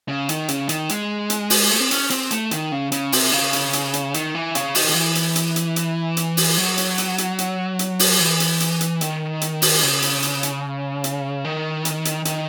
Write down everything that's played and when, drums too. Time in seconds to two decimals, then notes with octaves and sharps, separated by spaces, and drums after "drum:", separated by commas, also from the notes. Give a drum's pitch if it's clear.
0.09 C#3
0.29 D#3, drum: hi-hat
0.48 C#3, drum: hi-hat
0.69 D#3, drum: hi-hat
0.89 G#3, drum: hi-hat
1.30 drum: hi-hat
1.50 drum: open hi-hat
1.71 A3
1.80 C4
1.91 C#4, drum: hi-hat
2.10 C4, drum: hi-hat
2.31 A3, drum: hi-hat
2.51 D#3, drum: hi-hat
2.72 C#3
2.92 C#3, drum: hi-hat
3.12 C3, drum: open hi-hat
3.32 C#3
3.53 drum: hi-hat
3.73 drum: hi-hat
3.94 drum: hi-hat
4.14 D#3, drum: hi-hat
4.35 E3
4.55 C#3, drum: hi-hat
4.75 D#3, drum: open hi-hat
4.89 D#3
4.94 E3
5.15 drum: hi-hat
5.36 drum: hi-hat
5.56 drum: hi-hat
5.76 drum: hi-hat
6.17 drum: hi-hat
6.37 drum: open hi-hat
6.57 F#3
6.78 drum: hi-hat
6.98 drum: hi-hat
7.18 drum: hi-hat
7.39 drum: hi-hat
7.79 drum: hi-hat
7.99 drum: open hi-hat
8.20 E3
8.40 drum: hi-hat
8.60 drum: hi-hat
8.81 drum: hi-hat
9.01 D#3, drum: hi-hat
9.41 drum: hi-hat
9.62 drum: open hi-hat
9.83 C#3
10.02 drum: hi-hat
10.23 drum: hi-hat
10.43 drum: hi-hat
11.04 drum: hi-hat
11.44 D#3
11.85 drum: hi-hat
12.05 drum: hi-hat
12.25 D#3, drum: hi-hat